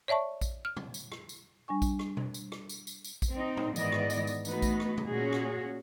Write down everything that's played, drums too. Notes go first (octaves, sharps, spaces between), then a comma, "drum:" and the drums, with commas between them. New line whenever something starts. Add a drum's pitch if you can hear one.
C#5 D5 E5 A5 C#6
drum: kick A#1, tambourine
F6
drum: tom A#2
drum: tambourine
drum: rim click
drum: tambourine
G3 D4 G#5 C#6
drum: kick A#1, tambourine
drum: rim click
drum: tom B2
drum: tambourine
drum: rim click
drum: tambourine
drum: tambourine
drum: tambourine
drum: kick A#1, tambourine
C4 D#4
drum: tom A2
G#2 D#3 E3 B3 D5 D#5, drum: tambourine
drum: rim click
drum: tambourine
drum: tambourine
E3 A3 B3 D#4 F#4 B4, drum: tambourine
drum: kick A#1, tambourine
drum: rim click
drum: tom A#2
A#2 C#4 F#4 G#4
drum: rim click